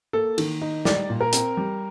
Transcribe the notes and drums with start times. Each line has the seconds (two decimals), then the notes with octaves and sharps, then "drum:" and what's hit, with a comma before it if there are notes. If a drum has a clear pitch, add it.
0.13 A#3 A4
0.38 D#3, drum: cymbal
0.62 D#4
0.85 G3 D5, drum: snare
1.10 A#2
1.21 A#4
1.32 C4, drum: hi-hat
1.57 G3